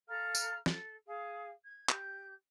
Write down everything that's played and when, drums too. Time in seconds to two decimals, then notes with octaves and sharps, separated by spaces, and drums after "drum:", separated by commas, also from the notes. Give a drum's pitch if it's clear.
0.07 A4 F5 A#5 F6
0.35 drum: tambourine
0.66 A4, drum: snare
1.05 G#4 F5
1.63 G#6
1.89 G4 G6, drum: clap